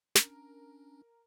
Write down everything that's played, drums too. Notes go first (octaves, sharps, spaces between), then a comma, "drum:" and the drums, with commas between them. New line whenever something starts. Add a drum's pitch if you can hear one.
C#4 D4 A#4, drum: snare